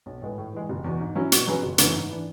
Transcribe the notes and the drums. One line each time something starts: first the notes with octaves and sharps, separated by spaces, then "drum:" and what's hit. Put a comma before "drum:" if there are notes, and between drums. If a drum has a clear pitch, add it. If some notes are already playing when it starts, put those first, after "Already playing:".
B1
A2 G#3 B3
A2
E3 G#3
F#1
E2 B2
G#2
F#3 C#4 E4
B2, drum: hi-hat
F#3 C#4 G#4 B4
F#1
F#2 C#3 E3 A3, drum: hi-hat
G#2
E3 B3 D4